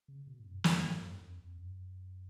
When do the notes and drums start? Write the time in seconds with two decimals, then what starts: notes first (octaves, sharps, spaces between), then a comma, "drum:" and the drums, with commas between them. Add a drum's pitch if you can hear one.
0.08 C#3
0.27 B2
0.39 G#2
0.46 F#2
0.64 F2, drum: snare
0.83 G#2
1.02 F#2
1.21 F2
1.40 F2
1.58 F#2